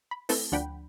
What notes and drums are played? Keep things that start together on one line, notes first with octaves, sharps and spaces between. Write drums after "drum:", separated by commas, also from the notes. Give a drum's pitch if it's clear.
B5
A3 C4 E4 A4 B4, drum: open hi-hat
D2 F3 D4 F#5 G5 B5